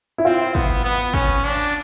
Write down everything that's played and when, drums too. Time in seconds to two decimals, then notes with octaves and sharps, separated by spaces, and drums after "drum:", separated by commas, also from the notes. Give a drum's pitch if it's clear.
0.18 E4
0.25 C4 F4
0.55 B3, drum: kick
0.84 B3
1.14 C#4, drum: kick
1.44 D4